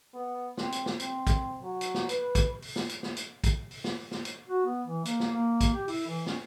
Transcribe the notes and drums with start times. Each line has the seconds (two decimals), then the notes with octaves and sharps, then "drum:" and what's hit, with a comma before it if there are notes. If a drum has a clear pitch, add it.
0.14 B3
0.57 C4, drum: snare
0.72 drum: hi-hat
0.86 drum: snare
0.99 C4, drum: hi-hat
1.27 drum: kick, hi-hat
1.62 F#3
1.81 drum: hi-hat
1.94 drum: snare
2.09 B4, drum: hi-hat
2.35 drum: kick, hi-hat
2.62 drum: open hi-hat
2.76 drum: snare
2.89 drum: hi-hat
3.03 drum: snare
3.16 drum: hi-hat
3.44 drum: kick, hi-hat
3.71 drum: open hi-hat
3.84 drum: snare
4.11 drum: snare
4.25 drum: hi-hat
4.48 F#4
4.65 B3
4.87 E3
5.05 A#3, drum: hi-hat
5.20 drum: snare
5.32 A#3
5.61 drum: kick, hi-hat
5.74 G4
5.88 E4, drum: open hi-hat
6.07 E3
6.26 C#4, drum: snare